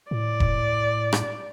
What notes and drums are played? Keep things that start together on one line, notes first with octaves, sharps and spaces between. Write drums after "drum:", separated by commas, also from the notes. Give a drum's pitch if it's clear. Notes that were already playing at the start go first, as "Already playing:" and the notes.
A2 D5
drum: kick E1
drum: rim click